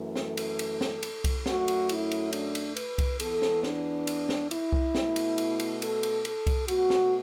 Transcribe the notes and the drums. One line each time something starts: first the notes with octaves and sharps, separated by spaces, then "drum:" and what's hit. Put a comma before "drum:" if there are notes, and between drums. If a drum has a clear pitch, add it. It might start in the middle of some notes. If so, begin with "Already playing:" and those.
Already playing: F#2 E3 A3
A4, drum: snare
drum: cymbal
drum: cymbal
drum: snare
drum: cymbal
drum: kick C2, cymbal
F#2 F#3 A3 F#4, drum: snare
drum: cymbal
E4, drum: cymbal
drum: cymbal
D4, drum: cymbal
drum: cymbal
B4, drum: cymbal
drum: kick C2, cymbal
E2 E3 B3 A4, drum: cymbal
drum: snare
D4, drum: snare
drum: cymbal
drum: snare
E4, drum: cymbal
drum: kick C2
B2 A3, drum: snare
drum: cymbal
drum: cymbal
drum: cymbal
A4, drum: cymbal
drum: cymbal
A4, drum: cymbal
drum: kick C2, cymbal
B2 A3 F#4, drum: cymbal
drum: snare